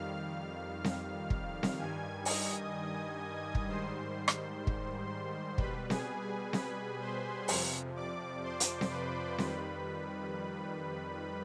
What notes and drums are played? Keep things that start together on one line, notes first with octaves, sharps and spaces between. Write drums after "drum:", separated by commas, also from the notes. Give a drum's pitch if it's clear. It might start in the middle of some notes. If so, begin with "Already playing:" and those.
Already playing: F2 D#3 G3 F5 F6
drum: snare C4
drum: kick
drum: snare C4
G2 D#3 G3 G#5 G#6
D#5 D#6, drum: open hi-hat
drum: kick
G#2 D#3 G3 C5 C6
drum: rim click
drum: kick
B2 G3 B4 B5, drum: kick
G#4 G#5, drum: snare C4
G#4 G#5
B4 B5, drum: snare C4
C5 C6
F2 C3 F3, drum: open hi-hat
D5 D6
C5 C6
drum: hi-hat
drum: snare C4
B4 B5
F2 D#3 G3, drum: snare C4